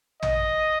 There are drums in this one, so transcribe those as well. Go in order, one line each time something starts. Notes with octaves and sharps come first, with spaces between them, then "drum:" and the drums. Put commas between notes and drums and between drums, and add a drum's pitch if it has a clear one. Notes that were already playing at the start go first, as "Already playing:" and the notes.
D#5, drum: tom